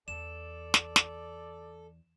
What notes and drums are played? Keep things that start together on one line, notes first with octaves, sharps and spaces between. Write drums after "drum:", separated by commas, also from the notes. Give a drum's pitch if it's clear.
E2 A4 D5 E7
drum: snare
drum: snare